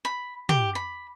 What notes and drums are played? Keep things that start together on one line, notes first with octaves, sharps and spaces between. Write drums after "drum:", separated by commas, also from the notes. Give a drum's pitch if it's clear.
B5
G4, drum: tom
B5